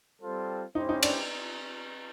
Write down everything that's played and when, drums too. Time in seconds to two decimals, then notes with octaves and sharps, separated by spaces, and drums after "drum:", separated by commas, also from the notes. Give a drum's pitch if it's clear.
0.21 G3 C4 F4 A4 C5
0.75 C#4 D#4 E4 G4 C5
0.89 D#4
1.03 D4, drum: cymbal